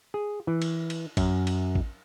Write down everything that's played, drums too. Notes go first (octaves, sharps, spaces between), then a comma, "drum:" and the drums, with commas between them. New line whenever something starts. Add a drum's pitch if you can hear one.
G#4
E3
drum: cymbal
drum: cymbal
F#2, drum: kick A1, cymbal
drum: cymbal
drum: kick A1